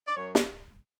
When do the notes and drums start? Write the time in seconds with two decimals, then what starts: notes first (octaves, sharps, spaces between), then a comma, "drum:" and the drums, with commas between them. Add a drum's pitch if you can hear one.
0.07 D5
0.16 F#2 C#5
0.35 drum: snare